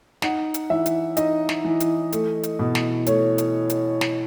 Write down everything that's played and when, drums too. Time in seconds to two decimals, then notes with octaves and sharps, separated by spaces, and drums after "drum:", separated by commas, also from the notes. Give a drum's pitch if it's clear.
0.22 D#4 F#5, drum: snare
0.54 drum: hi-hat
0.70 E3 E5
0.86 drum: hi-hat
1.17 D#4 D#5, drum: hi-hat
1.49 drum: snare
1.65 E3
1.80 drum: hi-hat
2.12 A3, drum: hi-hat
2.43 drum: hi-hat
2.59 B2
2.75 drum: snare
3.06 A3 C#5, drum: hi-hat
3.38 drum: hi-hat
3.70 drum: hi-hat
4.01 drum: snare